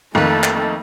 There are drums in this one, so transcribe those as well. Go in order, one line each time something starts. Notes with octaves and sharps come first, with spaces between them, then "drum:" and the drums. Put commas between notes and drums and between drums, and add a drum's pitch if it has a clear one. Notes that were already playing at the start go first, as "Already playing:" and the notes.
F2 D#3 A3 A#3 A4 B4
drum: clap